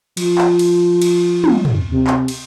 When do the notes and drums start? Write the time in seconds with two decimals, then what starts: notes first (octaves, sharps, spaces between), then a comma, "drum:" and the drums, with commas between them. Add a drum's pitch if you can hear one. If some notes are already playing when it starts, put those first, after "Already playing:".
0.17 F3, drum: cymbal
0.38 drum: clap
0.59 drum: cymbal
1.02 drum: cymbal
1.44 drum: tom
1.65 drum: tom
1.92 C3
2.07 drum: clap
2.28 drum: cymbal